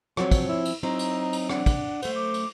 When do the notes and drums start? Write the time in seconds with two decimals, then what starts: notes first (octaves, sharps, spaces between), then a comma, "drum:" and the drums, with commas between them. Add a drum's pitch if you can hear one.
0.17 F3 F#3 C4 C#5, drum: rim click
0.31 drum: kick, cymbal
0.49 E4
0.65 drum: cymbal
0.83 F#3 C4 D#4 E4 A#5
0.99 drum: cymbal
1.33 drum: cymbal
1.49 D4 F#5, drum: rim click
1.66 drum: kick, cymbal
2.02 F#2 A3 C5, drum: cymbal
2.15 D6
2.34 drum: cymbal